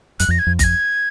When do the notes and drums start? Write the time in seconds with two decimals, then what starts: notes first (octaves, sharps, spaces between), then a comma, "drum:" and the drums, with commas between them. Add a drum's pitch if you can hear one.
0.20 F#2 F#6, drum: hi-hat
0.28 F2 A#6
0.39 G#6
0.47 F2
0.59 A#6, drum: kick F#1, hi-hat
0.64 G#6